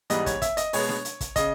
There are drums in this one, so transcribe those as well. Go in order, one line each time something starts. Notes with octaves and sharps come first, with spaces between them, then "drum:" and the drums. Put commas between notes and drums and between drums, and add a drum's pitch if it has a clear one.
G#2 E3 G3 B3 D#5, drum: hi-hat
C#5, drum: kick, hi-hat
E5, drum: kick, hi-hat
D#5, drum: hi-hat
B2 G#3 B3 C#5, drum: open hi-hat
drum: snare D4
drum: hi-hat
drum: kick, hi-hat
C#3 D#5, drum: kick, hi-hat